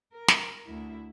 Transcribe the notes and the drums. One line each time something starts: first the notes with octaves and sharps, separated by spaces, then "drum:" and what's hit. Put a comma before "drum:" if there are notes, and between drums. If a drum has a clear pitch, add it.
A#4
drum: snare
D2 E4